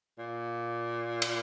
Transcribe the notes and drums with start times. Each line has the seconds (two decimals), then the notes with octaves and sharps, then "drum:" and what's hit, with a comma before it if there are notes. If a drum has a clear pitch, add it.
0.18 A#2
1.22 drum: cymbal